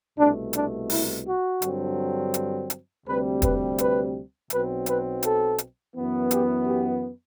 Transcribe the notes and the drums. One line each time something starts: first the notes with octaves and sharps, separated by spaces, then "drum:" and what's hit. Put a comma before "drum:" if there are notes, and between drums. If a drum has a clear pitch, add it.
C2 B2 A3 D4
D4, drum: hi-hat
E4, drum: open hi-hat
F#4
G2 D3 F#3 C4, drum: hi-hat
drum: hi-hat
drum: hi-hat
D2 C3 G3 C4 B4
B4, drum: kick, hi-hat
B4, drum: hi-hat
B1 B2 F#3 C4 B4, drum: hi-hat
B4, drum: hi-hat
A4, drum: hi-hat
drum: hi-hat
F#2 E3 B3
G4, drum: hi-hat
G4